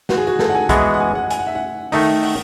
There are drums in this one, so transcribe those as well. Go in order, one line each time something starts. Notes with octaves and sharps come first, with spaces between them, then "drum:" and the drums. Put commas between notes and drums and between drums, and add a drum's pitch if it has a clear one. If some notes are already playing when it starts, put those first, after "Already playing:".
F#4, drum: snare
G#4
F#4
A4, drum: snare
F#5
G#5
E3 G#3 B3 F#4, drum: kick, hi-hat
F#5
G#5
F#5
G#5, drum: hi-hat
F#5
E5
F#5
D#3 A3 D#4, drum: open hi-hat
F#5, drum: open hi-hat